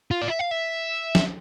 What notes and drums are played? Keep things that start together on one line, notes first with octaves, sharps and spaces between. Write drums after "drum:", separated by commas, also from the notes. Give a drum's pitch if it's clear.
F4
D5
E5
F5
E5
drum: snare